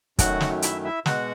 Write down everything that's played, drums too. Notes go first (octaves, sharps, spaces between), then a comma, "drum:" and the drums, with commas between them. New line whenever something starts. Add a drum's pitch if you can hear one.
F#2 D#3 F#3 A3 F#4 F#5, drum: kick, hi-hat
drum: snare
E4 E5, drum: hi-hat
E4 E5
B2 G#3 F#4 F#5, drum: snare